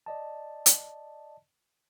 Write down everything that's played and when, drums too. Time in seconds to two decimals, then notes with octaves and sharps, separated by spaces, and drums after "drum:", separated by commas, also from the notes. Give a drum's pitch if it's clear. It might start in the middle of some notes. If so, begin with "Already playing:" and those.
0.06 D5 D#5 A5
0.66 drum: hi-hat